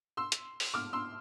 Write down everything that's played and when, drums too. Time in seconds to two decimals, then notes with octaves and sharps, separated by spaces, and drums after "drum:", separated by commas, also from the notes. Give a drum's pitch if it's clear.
0.17 C6 E6
0.32 drum: hi-hat
0.60 drum: open hi-hat
0.74 D6 F6
0.93 C6 E6